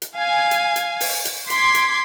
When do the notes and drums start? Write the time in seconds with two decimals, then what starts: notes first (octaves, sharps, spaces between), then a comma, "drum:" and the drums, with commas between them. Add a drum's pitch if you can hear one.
0.02 drum: hi-hat
0.17 F5 G#5
0.51 drum: hi-hat
0.76 drum: hi-hat
1.00 drum: open hi-hat
1.25 drum: hi-hat
1.50 C6 D6 G#6 B6 C7, drum: hi-hat
1.75 drum: hi-hat